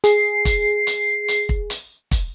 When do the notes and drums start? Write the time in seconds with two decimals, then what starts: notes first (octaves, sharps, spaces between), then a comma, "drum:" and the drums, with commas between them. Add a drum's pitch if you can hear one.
0.04 G#4 C7, drum: hi-hat
0.45 drum: kick, hi-hat
0.87 drum: hi-hat
1.28 drum: hi-hat
1.49 drum: kick
1.70 drum: hi-hat
2.11 drum: kick, hi-hat